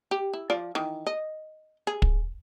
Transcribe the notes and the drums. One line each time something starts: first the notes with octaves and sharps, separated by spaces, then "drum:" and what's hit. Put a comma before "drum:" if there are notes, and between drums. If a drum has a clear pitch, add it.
G4
E4
F3 F4 D5
D#3 E3
D#5
G#4
drum: kick